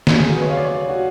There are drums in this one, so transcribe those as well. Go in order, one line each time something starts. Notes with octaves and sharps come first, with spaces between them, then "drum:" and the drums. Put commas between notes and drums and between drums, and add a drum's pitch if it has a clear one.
drum: snare
C#3 F#3 A3 G#4
B4
C#5
F5
D5
C#5
F#4